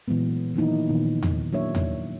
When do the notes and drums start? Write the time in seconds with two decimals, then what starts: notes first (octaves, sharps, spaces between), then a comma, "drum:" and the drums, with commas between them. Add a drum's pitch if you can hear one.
0.08 A#2 E3 F#3 G#3 B3
0.55 D#3 E3 F#3 A#3 D#4 E4
0.88 A#2 D#3 F3 B3
1.23 drum: tom E2
1.53 F#3 A#3 D4 E4 C#5 E5
1.75 drum: tom E2